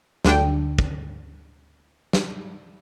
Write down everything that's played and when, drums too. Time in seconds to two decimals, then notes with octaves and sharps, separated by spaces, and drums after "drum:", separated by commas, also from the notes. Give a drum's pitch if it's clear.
0.25 D2 D3 D4 G5, drum: snare
0.79 drum: kick
2.13 drum: snare